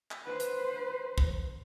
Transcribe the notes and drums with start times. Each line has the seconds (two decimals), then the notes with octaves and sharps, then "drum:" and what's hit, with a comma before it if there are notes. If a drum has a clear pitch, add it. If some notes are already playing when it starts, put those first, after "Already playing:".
0.11 drum: clap
0.23 B4 C5
0.40 drum: hi-hat
1.18 drum: kick